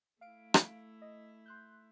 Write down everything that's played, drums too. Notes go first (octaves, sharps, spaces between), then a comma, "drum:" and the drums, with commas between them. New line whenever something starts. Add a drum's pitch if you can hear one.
A3 E4 F5 D7
drum: rim click
D#5
C6 F#6 G6